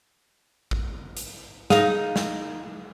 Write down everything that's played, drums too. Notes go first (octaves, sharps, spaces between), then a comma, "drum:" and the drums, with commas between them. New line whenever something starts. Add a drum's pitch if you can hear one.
drum: kick
drum: hi-hat
D#4 G#4 F5, drum: snare
drum: snare